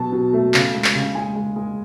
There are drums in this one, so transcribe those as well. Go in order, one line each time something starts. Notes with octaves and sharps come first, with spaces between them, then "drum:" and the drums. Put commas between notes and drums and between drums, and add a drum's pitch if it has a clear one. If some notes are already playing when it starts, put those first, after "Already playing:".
Already playing: B2 F#3 A5
B2
A3
C#3, drum: clap
G#3
drum: clap
C#3
G#3 G#5
G#3
G#3